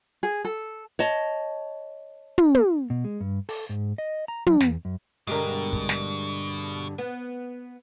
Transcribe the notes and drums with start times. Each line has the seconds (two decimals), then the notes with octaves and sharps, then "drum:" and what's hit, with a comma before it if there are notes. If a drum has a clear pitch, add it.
0.23 G#4
0.45 A4
0.99 C#5 D#5 A5
2.38 drum: tom
2.55 drum: tom
2.90 B2
3.05 G#3
3.20 G2
3.49 A4, drum: open hi-hat
3.69 G#2
3.98 D#5
4.28 A#5
4.47 F#3, drum: tom
4.60 E2, drum: snare
4.85 F#2
5.27 G2 B2 D3 G#3 G4 A#4
5.73 drum: kick
5.89 drum: snare
6.98 B3